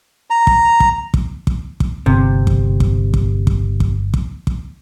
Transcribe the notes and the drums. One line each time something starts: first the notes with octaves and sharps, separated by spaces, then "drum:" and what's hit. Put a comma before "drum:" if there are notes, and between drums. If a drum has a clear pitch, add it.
A#5
drum: kick
drum: kick
drum: kick
drum: kick
drum: kick
G1 C3
drum: kick
drum: kick
drum: kick
drum: kick
drum: kick
drum: kick
drum: kick